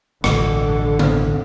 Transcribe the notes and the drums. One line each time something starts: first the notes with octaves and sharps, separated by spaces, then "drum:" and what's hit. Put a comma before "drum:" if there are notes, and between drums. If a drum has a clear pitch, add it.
E1 A1 G2 D3, drum: rim click
drum: tom